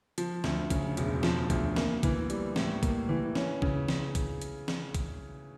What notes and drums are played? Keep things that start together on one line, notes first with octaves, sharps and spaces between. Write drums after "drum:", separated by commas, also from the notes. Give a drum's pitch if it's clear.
F3, drum: hi-hat
D2, drum: snare
C#3, drum: kick, hi-hat
E1, drum: hi-hat
F3, drum: snare
D2, drum: kick, hi-hat
A#3, drum: snare
E3, drum: kick, hi-hat
G3, drum: hi-hat
A2, drum: snare
A#3, drum: kick, hi-hat
E3
C#4, drum: snare
C#3, drum: kick
drum: snare
drum: kick, hi-hat
drum: hi-hat
drum: snare
drum: kick, hi-hat